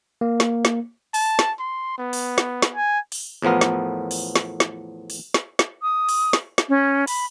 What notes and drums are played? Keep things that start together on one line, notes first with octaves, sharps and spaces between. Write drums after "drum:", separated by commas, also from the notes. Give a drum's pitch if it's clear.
A#3
drum: snare
drum: snare
A5, drum: open hi-hat
drum: snare
C6
B3
drum: open hi-hat
drum: snare
drum: snare
G#5
drum: open hi-hat
E2 A2 F3 B3 A#4
drum: snare
drum: open hi-hat
drum: snare
drum: snare
drum: open hi-hat
drum: snare
drum: snare
D#6
drum: open hi-hat
drum: snare
drum: snare
C#4
B5, drum: open hi-hat